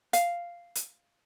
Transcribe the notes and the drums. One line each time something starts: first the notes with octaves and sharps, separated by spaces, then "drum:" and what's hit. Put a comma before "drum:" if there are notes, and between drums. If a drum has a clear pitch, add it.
F5, drum: hi-hat
drum: hi-hat